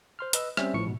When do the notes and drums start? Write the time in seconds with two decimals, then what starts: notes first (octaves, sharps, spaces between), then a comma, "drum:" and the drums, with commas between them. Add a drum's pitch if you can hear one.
0.19 C5 C6 F6
0.33 B4 D#5 E6, drum: hi-hat
0.57 G3 C4 C#4 C5 E5, drum: rim click
0.74 A1 A2 E3 F3 C#6 C#7
0.85 G#2 B2